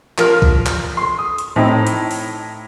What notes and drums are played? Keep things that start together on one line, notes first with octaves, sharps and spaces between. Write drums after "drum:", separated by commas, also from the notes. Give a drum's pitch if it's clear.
F3 A#4 F6, drum: clap
drum: kick
drum: clap
C6
D#6
drum: hi-hat
A2 C4 D#4
drum: hi-hat
drum: open hi-hat